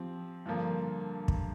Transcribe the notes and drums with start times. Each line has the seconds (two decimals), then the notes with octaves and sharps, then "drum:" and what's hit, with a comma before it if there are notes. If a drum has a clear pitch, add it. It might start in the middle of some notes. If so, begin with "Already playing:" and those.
Already playing: F3 C4 G4
0.46 G2 D3 F3 A#3
1.28 drum: kick